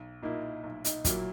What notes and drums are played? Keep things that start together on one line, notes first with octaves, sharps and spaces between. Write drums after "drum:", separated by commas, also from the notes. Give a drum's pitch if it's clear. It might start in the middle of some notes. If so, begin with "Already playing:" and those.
Already playing: B1
A#2 A#3 D#4 E4
B1
D#4, drum: hi-hat
A#2 F#3 A#3 E4, drum: kick, hi-hat